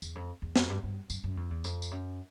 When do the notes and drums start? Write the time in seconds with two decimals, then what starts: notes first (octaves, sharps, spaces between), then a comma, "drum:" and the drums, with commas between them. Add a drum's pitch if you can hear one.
0.02 E2, drum: tambourine
0.15 F2
0.42 E2
0.56 F2, drum: snare
0.70 G2
0.83 G2
1.10 F#2, drum: tambourine
1.24 F#2
1.37 F2
1.50 E2
1.64 F2, drum: tambourine
1.82 drum: tambourine
1.91 F#2